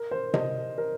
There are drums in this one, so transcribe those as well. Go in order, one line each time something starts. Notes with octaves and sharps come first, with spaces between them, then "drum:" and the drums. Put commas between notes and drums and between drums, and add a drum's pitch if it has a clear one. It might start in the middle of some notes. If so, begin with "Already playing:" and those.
Already playing: A#4
C5
D#5, drum: tom C3
A#4